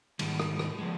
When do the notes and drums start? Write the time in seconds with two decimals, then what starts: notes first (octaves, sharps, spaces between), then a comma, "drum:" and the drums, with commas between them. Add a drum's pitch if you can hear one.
0.19 G#2 D#3 G3 G#3, drum: cymbal
0.40 drum: rim click
0.59 drum: rim click
0.79 F3 G#3